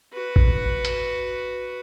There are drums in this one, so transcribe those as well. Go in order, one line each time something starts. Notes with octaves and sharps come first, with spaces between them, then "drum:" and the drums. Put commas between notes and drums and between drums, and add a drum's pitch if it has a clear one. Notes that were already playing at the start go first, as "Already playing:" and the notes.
F#4 B4
drum: kick A1
drum: hi-hat